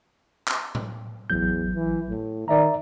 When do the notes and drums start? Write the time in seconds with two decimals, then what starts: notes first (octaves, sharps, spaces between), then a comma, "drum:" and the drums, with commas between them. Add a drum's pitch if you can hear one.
0.47 drum: clap
0.75 drum: tom A2
1.30 A1 E2 F#3 G6
1.75 E3
2.10 A2
2.48 D#3 D5 E5 A#5